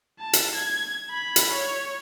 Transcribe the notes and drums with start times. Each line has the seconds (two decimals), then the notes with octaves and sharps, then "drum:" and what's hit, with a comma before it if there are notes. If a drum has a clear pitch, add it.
0.19 A5
0.33 drum: hi-hat
0.55 G#6
1.10 B5
1.36 drum: hi-hat
1.51 C#5